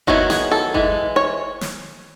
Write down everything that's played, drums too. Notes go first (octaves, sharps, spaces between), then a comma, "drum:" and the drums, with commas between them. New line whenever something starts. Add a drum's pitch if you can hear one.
D#3 F#3 B3 E4 F#4, drum: kick G1
G#4, drum: snare
A4
E3 G#3, drum: kick G1
C#5
drum: snare